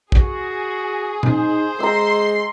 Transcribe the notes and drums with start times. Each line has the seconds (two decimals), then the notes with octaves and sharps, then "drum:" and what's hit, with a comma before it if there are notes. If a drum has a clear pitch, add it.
0.12 F#4 G#4, drum: kick A#1
1.23 D#4 C5, drum: tom A#2
1.80 G#3 A#5 C6 E6